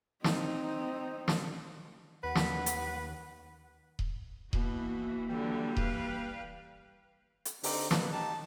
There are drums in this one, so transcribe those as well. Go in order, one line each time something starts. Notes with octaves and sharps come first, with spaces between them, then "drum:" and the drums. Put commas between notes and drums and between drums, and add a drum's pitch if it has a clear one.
C4 D#4, drum: snare
drum: snare
D#2 B4 F#5
drum: snare
drum: hi-hat
drum: kick D#1
B2 E3 A#3 F#4, drum: kick D#1
D3 F#3 G3
B4 F5 G5, drum: kick D#1
drum: hi-hat
D3 C4 D#4 G4, drum: open hi-hat
A#3 B3 F#6, drum: snare
D#4 G4 A5